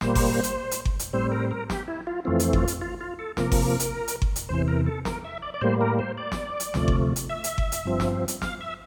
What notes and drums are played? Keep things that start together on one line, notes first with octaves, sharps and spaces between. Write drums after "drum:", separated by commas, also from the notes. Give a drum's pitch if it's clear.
A#2 G3 A#3 C5, drum: snare
drum: kick G1, open hi-hat
drum: hi-hat
drum: hi-hat
drum: kick G1
drum: hi-hat
A2 G3 C4 C5
A#4
A#4
G4, drum: snare
E4
F4
F2 E3 A3 C4 F4
drum: hi-hat
F4, drum: kick G1
drum: hi-hat
F4
F4
A4
C3 F3 A#3 A#4, drum: snare
drum: kick G1, open hi-hat
drum: hi-hat
drum: hi-hat
drum: kick G1
drum: hi-hat
E2 C3 E3 C5
A#4
A4
A#4, drum: snare
E5
D5
D5
A2 G3 A#3 C5
A#4
C5
D5
drum: snare
drum: hi-hat
D2 C3 F3 A3, drum: snare
drum: kick G1
drum: hi-hat
E5
drum: hi-hat
drum: kick G1
drum: hi-hat
G2 F3 C4
drum: snare
drum: hi-hat
F5, drum: snare
E5